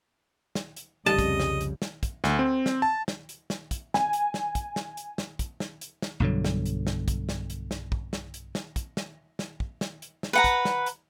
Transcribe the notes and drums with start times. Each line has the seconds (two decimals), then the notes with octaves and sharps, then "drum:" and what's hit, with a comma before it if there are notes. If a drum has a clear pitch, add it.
0.55 drum: snare
0.76 drum: hi-hat
1.06 C2 F2 C#3 G3 D#5 A5
1.19 drum: kick, hi-hat
1.40 drum: snare
1.61 drum: hi-hat
1.82 drum: snare
2.03 drum: kick, hi-hat
2.24 D2, drum: snare
2.39 C4
2.66 drum: snare
2.82 A5
3.08 drum: snare
3.29 drum: hi-hat
3.50 drum: snare
3.71 drum: kick, hi-hat
3.94 G#5, drum: snare
4.13 drum: hi-hat
4.34 drum: snare
4.55 drum: kick, hi-hat
4.76 drum: snare
4.97 drum: hi-hat
5.18 drum: snare
5.39 drum: kick, hi-hat
5.60 drum: snare
5.81 drum: hi-hat
6.02 drum: snare
6.20 B1 G2 D3 F#3
6.45 drum: snare
6.66 drum: hi-hat
6.87 drum: snare
7.08 drum: kick, hi-hat
7.29 drum: snare
7.50 drum: hi-hat
7.71 drum: snare
7.92 drum: kick
8.13 drum: snare
8.34 drum: hi-hat
8.55 drum: snare
8.76 drum: kick, hi-hat
8.97 drum: snare
9.39 drum: snare
9.60 drum: kick
9.81 drum: snare
10.02 drum: hi-hat
10.23 drum: snare
10.33 B4 F#5 A#5
10.44 drum: kick, hi-hat
10.65 drum: snare
10.86 drum: hi-hat